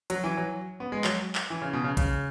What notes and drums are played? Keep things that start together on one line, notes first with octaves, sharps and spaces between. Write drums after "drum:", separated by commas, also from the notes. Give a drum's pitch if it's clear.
F#3, drum: hi-hat
E3
F#3
B3
G#3
F#3, drum: clap
drum: clap
E3
C#3
B2
C#3
C#3, drum: kick A#1, hi-hat